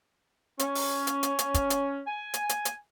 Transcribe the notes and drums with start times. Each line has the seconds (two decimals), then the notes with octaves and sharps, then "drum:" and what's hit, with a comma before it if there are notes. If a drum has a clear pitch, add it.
0.59 C#4, drum: hi-hat
0.75 drum: open hi-hat
1.07 drum: hi-hat
1.23 drum: hi-hat
1.39 drum: hi-hat
1.54 drum: kick, hi-hat
1.70 drum: hi-hat
2.07 G#5
2.34 drum: hi-hat
2.49 drum: hi-hat
2.65 drum: hi-hat